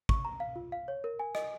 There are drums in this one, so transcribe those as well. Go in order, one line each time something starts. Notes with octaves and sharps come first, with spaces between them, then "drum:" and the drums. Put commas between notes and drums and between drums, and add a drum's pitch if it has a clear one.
C#6, drum: kick
A#5
F5
F4
F5
C#5
A#4
G#5
D#5, drum: rim click